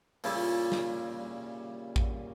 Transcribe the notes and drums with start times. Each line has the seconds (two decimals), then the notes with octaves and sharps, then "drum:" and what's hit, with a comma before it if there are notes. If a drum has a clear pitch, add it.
0.24 A#2 C#3 G3 E4, drum: open hi-hat
0.72 drum: snare
1.96 drum: kick A1